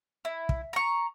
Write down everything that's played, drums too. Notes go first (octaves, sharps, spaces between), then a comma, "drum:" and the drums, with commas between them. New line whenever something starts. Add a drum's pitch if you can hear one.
E4
drum: kick
A#5 C#6